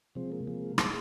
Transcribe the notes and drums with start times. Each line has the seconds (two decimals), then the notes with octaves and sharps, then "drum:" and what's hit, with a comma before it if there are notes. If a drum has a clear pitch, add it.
0.15 C3 F3 G#3 C4
0.32 A#3
0.47 C3 F3 G#3
0.78 A#2 G#3 C4, drum: rim click